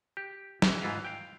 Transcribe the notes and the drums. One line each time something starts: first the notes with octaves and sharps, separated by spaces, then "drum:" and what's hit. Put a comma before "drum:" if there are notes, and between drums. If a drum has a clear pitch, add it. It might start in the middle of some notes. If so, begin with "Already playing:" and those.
G4
E3, drum: snare
G#2 E3 F4 F#4 B4 F5
F5 G5